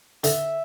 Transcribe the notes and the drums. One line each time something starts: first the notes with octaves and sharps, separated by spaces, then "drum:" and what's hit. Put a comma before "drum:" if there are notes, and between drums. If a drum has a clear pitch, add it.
D3 E5, drum: hi-hat